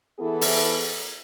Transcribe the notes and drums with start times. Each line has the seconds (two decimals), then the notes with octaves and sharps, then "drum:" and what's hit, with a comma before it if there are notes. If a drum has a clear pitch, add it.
0.19 E3 B3 E4 G#4 A4
0.41 drum: open hi-hat